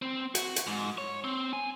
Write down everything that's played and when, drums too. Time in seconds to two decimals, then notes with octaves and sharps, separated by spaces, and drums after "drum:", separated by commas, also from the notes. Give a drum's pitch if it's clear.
0.02 C4
0.35 F#4, drum: hi-hat
0.56 drum: hi-hat
0.67 G#2
0.98 C#5
1.24 C4
1.53 G#5